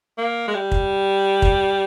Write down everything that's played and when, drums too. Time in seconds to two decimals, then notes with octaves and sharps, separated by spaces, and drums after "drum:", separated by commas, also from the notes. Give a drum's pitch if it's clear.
0.18 A#3
0.48 G#3
0.54 G3
0.72 drum: kick
1.42 drum: kick